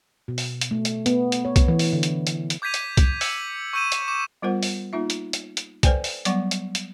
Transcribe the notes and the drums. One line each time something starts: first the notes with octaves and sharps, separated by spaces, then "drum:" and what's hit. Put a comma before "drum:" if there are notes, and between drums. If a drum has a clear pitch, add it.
B2
drum: open hi-hat
drum: hi-hat
A3
drum: hi-hat
B3, drum: hi-hat
drum: hi-hat
C#5
drum: kick C2, hi-hat
E3
drum: open hi-hat
D3
drum: hi-hat
drum: hi-hat
drum: hi-hat
D6 G6 G#6 B6 D#7 F7
drum: hi-hat
drum: kick C2, hi-hat
E6 G#6 C#7 F#7, drum: open hi-hat
C#6 E6 G6 D#7 E7 F#7
drum: hi-hat
C#6 D6 E7
G3 B3 F4 A#4 C5 F#5
drum: open hi-hat
A#3 D#4 F4 E5
drum: hi-hat
drum: hi-hat
drum: hi-hat
A4 B4 C5 D5 G5 G#5, drum: kick C2, hi-hat
drum: open hi-hat
F#3 G3 B3 F#5 C#6, drum: hi-hat
drum: hi-hat
drum: hi-hat